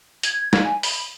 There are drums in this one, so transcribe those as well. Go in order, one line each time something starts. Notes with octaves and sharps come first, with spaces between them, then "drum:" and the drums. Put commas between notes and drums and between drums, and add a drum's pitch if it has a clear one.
G#6, drum: hi-hat
drum: snare
G#5
B5, drum: open hi-hat